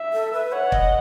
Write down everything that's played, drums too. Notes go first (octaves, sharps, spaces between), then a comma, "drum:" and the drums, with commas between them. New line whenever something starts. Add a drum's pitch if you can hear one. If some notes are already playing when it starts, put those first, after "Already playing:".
Already playing: E5
A4
B4
C#5 F#5
D#5, drum: kick